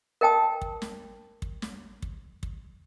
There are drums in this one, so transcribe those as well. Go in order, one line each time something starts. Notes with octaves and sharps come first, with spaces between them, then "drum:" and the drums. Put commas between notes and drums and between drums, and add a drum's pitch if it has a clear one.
A#4 D#5 G5 A5 D#6
drum: kick
drum: snare
drum: kick
drum: snare
drum: kick
drum: kick